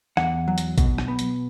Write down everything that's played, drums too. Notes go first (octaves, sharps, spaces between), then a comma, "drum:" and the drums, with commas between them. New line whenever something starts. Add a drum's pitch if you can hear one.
E2 F#5, drum: rim click
F#3
drum: hi-hat
B2, drum: kick A1, hi-hat
drum: rim click
B3
drum: hi-hat